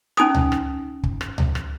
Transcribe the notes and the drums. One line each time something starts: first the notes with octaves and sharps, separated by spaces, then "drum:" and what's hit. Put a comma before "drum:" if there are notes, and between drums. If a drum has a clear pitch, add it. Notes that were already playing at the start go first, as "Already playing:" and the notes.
C#4 D#4 G#5 D#6, drum: rim click
drum: tom C#2
drum: rim click
drum: kick
drum: rim click
drum: tom C#2
drum: rim click